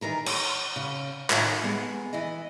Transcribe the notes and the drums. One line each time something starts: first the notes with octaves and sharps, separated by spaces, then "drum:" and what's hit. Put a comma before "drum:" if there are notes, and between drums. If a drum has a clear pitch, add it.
D#3 E3 A#4 B4
C#5, drum: cymbal
C#3
A2 D#3, drum: clap
G#3 B3
E3 E4 D#5